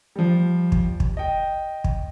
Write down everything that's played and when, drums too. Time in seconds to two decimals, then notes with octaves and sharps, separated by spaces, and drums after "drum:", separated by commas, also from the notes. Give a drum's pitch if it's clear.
0.16 F3 G3
0.72 drum: kick
1.00 drum: kick
1.17 D#5 G5
1.84 drum: kick